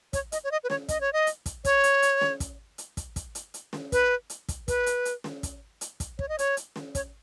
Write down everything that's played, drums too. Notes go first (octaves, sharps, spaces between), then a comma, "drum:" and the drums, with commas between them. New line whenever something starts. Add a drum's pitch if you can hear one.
C#5, drum: kick, hi-hat
D#5, drum: hi-hat
C#5
D#5
B4
C#5, drum: snare
D#5, drum: kick, hi-hat
C#5
D#5
drum: hi-hat
drum: kick, hi-hat
C#5, drum: kick, hi-hat
drum: hi-hat
drum: hi-hat
drum: snare
drum: kick, hi-hat
drum: hi-hat
drum: kick, hi-hat
drum: kick, hi-hat
drum: hi-hat
drum: hi-hat
drum: snare
B4, drum: kick, hi-hat
drum: hi-hat
drum: kick, hi-hat
B4, drum: kick, hi-hat
drum: hi-hat
drum: hi-hat
drum: snare
drum: kick, hi-hat
drum: hi-hat
drum: kick, hi-hat
C#5, drum: kick
D#5
C#5, drum: hi-hat
drum: hi-hat
drum: snare
C#5, drum: kick, hi-hat